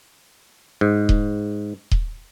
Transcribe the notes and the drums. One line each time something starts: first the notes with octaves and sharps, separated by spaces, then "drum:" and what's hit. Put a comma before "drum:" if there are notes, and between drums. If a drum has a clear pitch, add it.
G#2
drum: kick D#1
drum: kick D#1